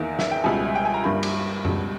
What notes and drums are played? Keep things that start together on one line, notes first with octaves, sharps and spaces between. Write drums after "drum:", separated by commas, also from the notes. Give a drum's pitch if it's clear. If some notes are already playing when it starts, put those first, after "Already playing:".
Already playing: E2 D#3 A#3 E5
E5, drum: snare
G5
C#2 B2 G3 G#5
E5
G5
G#5
A#5
G1 G2 G3 A#3 B5
drum: cymbal
C#2 B2 G3, drum: tom F#2